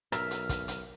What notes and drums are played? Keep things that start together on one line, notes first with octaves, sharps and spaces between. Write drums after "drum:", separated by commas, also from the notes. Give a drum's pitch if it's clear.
B1 A#4 E5 F6, drum: rim click
drum: hi-hat
drum: kick, hi-hat
drum: hi-hat